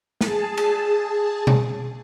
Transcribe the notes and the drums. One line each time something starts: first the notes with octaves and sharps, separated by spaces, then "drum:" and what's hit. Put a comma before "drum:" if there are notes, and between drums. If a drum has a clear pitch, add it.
G#4 A5, drum: snare
drum: cymbal
drum: tom B2